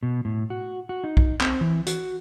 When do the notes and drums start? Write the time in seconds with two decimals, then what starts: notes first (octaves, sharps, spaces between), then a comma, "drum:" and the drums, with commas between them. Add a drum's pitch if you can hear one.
0.03 B2
0.25 A2
0.50 F#4
0.89 F#4
1.04 D#4
1.17 drum: kick B1
1.41 C4, drum: clap
1.61 E3
1.87 F#4, drum: hi-hat